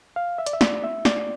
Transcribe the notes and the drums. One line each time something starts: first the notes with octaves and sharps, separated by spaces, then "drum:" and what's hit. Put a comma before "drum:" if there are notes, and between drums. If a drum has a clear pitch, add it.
F5
E5
D5, drum: hi-hat
E5
D5, drum: snare
E5
D5, drum: snare